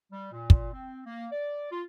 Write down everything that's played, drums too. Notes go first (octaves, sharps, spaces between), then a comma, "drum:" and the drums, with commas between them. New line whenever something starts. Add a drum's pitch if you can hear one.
G3
A#2
drum: kick
C4
A#3
D5
F4